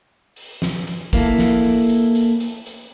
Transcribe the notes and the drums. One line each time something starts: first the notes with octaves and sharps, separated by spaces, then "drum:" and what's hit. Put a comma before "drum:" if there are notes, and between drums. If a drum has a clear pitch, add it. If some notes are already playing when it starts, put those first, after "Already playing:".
drum: open hi-hat
drum: snare
drum: hi-hat
A#3 E4 A4, drum: kick, hi-hat
drum: snare
drum: open hi-hat
drum: hi-hat
drum: hi-hat
drum: hi-hat
drum: hi-hat